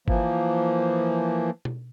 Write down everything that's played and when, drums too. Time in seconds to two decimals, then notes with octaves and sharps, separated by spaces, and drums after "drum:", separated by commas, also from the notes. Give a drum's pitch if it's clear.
0.08 E3 F3 A#3, drum: kick G1
1.65 drum: tom B2